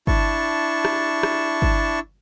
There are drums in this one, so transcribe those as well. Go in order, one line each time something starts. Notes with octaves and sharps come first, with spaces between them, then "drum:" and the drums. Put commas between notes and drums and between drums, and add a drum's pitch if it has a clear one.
D4 E4 A5 C#6, drum: kick G1
drum: rim click
drum: rim click
drum: kick G1